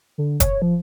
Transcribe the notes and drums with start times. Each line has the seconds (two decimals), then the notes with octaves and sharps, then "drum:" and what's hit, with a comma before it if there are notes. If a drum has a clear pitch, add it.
0.18 D3
0.40 C#5, drum: kick, hi-hat
0.62 F3